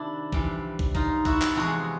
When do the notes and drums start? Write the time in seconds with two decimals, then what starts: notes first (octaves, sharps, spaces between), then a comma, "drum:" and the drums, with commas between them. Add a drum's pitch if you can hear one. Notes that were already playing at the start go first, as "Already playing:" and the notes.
Already playing: C3 D#3 D4 E4
0.32 F2 C3 E3 G3, drum: kick
0.79 drum: kick
0.95 D#4 F4, drum: kick
1.25 E4 F#4, drum: kick
1.41 drum: clap
1.55 E2 C3 F3 G#3 F#4 G#4